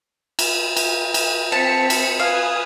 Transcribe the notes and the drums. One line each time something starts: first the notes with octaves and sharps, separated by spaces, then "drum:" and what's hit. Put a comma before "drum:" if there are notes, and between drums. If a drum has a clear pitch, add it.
drum: cymbal
drum: cymbal
drum: cymbal
C4 A5 B6 C#7
drum: cymbal
B4 F5 G#5 D#6